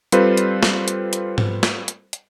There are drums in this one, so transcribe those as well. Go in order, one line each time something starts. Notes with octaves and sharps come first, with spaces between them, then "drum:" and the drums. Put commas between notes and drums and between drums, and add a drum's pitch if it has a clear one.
G3 C4 F4 A4 B4 C5, drum: hi-hat
drum: hi-hat
drum: snare
drum: hi-hat
drum: hi-hat
drum: tom G#2
drum: snare
drum: hi-hat
drum: hi-hat